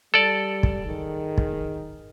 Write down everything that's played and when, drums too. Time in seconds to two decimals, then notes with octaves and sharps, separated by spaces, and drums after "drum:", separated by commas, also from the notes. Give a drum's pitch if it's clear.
0.14 G3 A4 D5
0.63 drum: kick
0.86 D#3 G#4
1.38 drum: kick